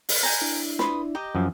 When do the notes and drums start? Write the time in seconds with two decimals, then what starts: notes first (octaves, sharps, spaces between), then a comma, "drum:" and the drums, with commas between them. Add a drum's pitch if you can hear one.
0.09 drum: open hi-hat
0.23 G5 G#5 A#5
0.42 D4 E4
0.79 B4 C6 D#6, drum: snare
1.15 G4 D#5 A#5
1.35 F#2 F3